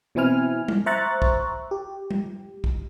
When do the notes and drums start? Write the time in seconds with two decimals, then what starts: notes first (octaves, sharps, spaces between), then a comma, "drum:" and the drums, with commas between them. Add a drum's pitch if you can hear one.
0.15 B2 E3 C4 E4 G#5 F6
0.68 drum: tom G3
0.86 C5 E5 A#5 C#6 F#6 A6
1.22 drum: kick
1.71 G4
2.11 drum: tom G3
2.64 drum: kick